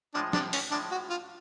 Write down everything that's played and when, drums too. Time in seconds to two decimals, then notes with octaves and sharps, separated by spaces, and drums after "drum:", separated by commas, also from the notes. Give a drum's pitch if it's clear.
0.14 A2 F3 G#3 D4
0.33 D4, drum: snare
0.53 C#4, drum: open hi-hat
0.71 A2 F3 G#3 D4
0.91 F#4
1.10 F4